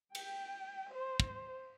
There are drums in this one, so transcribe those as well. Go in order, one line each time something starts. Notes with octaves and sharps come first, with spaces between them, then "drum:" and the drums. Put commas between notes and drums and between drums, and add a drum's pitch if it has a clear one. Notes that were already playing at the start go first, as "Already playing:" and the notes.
G5, drum: cymbal
C5
drum: kick